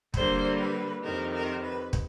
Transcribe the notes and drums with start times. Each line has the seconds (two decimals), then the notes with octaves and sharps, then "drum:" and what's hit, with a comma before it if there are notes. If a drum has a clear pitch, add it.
0.14 D3 G3 A#3 C5, drum: kick
0.58 B4
1.03 F2 C3 D#3 A#4
1.33 A#4
1.63 B4
1.93 drum: kick